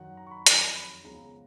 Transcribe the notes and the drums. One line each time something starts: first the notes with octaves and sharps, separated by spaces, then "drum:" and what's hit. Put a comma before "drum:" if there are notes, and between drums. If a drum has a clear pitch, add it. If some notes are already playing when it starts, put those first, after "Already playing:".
Already playing: F#2 D#3 F#3 F#5
A#5
C#6
B5
F2 D#3 F#3, drum: hi-hat
B5
C#2 C#3 F3 B3 A#5